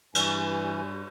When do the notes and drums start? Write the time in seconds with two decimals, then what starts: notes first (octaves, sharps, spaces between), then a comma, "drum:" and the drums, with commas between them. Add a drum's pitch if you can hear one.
0.15 G2 E3 G#5, drum: cymbal